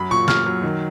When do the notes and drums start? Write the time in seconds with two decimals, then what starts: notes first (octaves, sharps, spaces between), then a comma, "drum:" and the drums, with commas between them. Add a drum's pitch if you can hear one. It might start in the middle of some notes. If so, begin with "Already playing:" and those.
Already playing: F#2 F#3 B5
0.11 A#2 C#6
0.28 A#2 F6, drum: snare
0.46 F#3
0.63 D#3